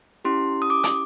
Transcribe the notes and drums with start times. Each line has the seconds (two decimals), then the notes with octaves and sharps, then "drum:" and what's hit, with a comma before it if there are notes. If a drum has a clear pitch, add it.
0.25 C#4 E4 G4 C6
0.62 D#6
0.70 D6
0.83 drum: hi-hat